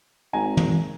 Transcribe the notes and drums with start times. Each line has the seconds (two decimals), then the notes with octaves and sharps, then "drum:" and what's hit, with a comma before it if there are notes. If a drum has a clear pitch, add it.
0.33 G#1 G#5 A#5
0.57 drum: tom